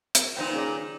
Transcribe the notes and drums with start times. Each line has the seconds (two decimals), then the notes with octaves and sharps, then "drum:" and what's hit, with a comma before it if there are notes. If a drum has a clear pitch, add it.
0.15 drum: hi-hat
0.37 A#2 D#3 D#4 B4 C5 G5
0.54 C#4 G#4 D5